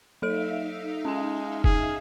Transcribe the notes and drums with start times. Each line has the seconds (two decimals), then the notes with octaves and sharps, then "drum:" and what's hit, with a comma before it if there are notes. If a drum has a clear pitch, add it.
0.22 F#3 D#4 A4 E5 F5 D7
1.05 G#3 C#4 G#5
1.64 G#4, drum: kick